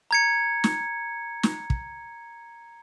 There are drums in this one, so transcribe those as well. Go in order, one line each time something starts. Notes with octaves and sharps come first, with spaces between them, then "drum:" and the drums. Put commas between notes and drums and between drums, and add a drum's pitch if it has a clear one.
A#5 G#6 C#7
drum: snare
drum: snare
drum: kick